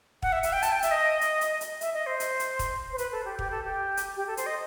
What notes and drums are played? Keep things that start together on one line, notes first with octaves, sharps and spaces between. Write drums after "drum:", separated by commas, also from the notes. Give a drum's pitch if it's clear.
F#5, drum: kick
E5
E5, drum: hi-hat
G5
A5, drum: hi-hat
G5
E5, drum: hi-hat
D#5
drum: hi-hat
drum: hi-hat
drum: hi-hat
E5, drum: hi-hat
D#5
C5
drum: hi-hat
drum: hi-hat
drum: kick, hi-hat
C5
B4, drum: hi-hat
A4
G4
G4, drum: kick
A4
G4
drum: hi-hat
G4
A4
C5, drum: hi-hat
D#5